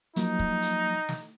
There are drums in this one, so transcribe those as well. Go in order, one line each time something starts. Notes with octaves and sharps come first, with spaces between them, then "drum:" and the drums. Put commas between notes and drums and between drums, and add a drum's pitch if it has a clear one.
F3 F#3 A#3 D#4, drum: hi-hat
drum: kick
drum: hi-hat
drum: snare